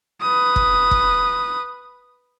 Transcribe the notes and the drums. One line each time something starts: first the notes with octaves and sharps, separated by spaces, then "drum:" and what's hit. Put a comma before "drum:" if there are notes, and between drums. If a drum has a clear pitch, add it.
B4 D#6
drum: kick
drum: kick